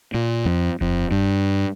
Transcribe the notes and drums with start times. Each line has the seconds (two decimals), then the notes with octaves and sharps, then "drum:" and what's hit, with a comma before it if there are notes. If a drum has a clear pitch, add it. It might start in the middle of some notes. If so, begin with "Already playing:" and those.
0.14 A#2
0.45 F2
0.81 F2, drum: kick D#1
1.11 G2